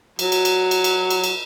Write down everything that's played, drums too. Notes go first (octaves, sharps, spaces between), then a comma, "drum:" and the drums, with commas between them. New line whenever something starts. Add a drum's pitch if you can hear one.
F#3, drum: cymbal
drum: cymbal
drum: cymbal
drum: cymbal
drum: cymbal
drum: cymbal
drum: cymbal